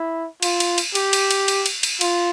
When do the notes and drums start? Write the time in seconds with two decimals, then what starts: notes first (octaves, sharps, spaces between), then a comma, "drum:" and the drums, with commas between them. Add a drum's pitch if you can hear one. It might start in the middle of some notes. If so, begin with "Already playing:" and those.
Already playing: E4
0.42 F4, drum: cymbal
0.60 drum: cymbal
0.78 drum: cymbal
0.95 G4, drum: cymbal
1.13 drum: cymbal
1.31 drum: cymbal
1.48 drum: cymbal
1.66 drum: cymbal
1.83 drum: cymbal
2.01 F4, drum: cymbal